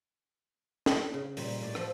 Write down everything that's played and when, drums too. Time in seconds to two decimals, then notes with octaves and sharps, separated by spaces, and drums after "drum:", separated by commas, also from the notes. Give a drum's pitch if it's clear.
0.86 drum: snare
1.14 C#3
1.37 A#2 G3 B5, drum: open hi-hat
1.61 A2 D5
1.75 F3 A4, drum: rim click